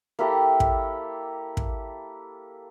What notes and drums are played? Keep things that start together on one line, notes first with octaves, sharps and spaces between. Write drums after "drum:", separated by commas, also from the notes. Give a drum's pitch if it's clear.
A#3 E4 G4 A4
drum: kick
drum: kick